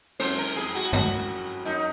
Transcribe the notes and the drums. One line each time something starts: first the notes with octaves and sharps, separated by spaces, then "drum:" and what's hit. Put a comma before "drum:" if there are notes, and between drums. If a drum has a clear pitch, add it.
F#2 C5, drum: cymbal
A#4
F2 G#4
F#4
F#2 F#4, drum: tom
F#2 D#4